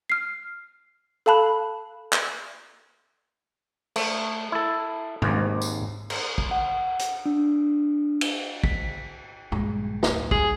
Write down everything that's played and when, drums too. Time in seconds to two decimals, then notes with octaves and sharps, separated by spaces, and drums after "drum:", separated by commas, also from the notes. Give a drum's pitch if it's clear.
0.10 F6 C7
1.26 A4 F5 A5 B5 F#6
2.13 drum: clap
3.96 A3, drum: cymbal
4.52 E4 A4
5.22 G#1 D#2 G#2, drum: tom
5.61 drum: tambourine
6.10 drum: cymbal
6.38 drum: kick
6.51 F#5
6.99 drum: hi-hat
7.26 D4
8.21 drum: cymbal
8.64 B6, drum: kick
9.52 A#1 G2 G#3, drum: tom F#2
10.03 D1 G#1, drum: snare
10.31 D2 G2 G#4, drum: kick